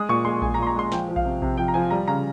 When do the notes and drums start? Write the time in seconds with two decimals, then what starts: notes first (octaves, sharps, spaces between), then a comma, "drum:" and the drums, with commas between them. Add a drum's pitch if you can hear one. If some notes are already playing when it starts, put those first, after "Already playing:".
Already playing: G#3 D#6
0.09 A#2 C#6
0.25 G#3 C6
0.42 G#3 G#5, drum: kick A#1
0.54 A#5
0.59 A#2 C6
0.67 A#5
0.76 G#3 C6
0.92 F3 G5, drum: snare
1.08 F3
1.16 F5, drum: kick A#1
1.25 C3
1.42 C3, drum: kick A#1
1.57 F3 G5
1.68 A#5
1.74 F3 G#5
1.91 G3 A#5
2.08 C#3 A#5